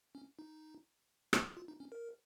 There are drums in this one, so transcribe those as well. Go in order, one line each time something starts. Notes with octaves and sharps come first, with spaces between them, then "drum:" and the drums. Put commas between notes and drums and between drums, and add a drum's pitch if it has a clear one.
C#4
D#4
drum: rim click
F4
D#4
C#4
A#4